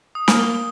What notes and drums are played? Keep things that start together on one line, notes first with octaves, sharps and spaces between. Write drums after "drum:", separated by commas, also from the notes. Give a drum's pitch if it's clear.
D#6
A#3, drum: snare
G7